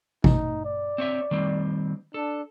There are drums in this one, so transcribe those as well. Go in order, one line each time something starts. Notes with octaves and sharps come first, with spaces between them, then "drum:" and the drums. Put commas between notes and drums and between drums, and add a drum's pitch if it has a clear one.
D#4, drum: kick
D5
C4 C#5 E5
D#3 G3 C4
D4 A4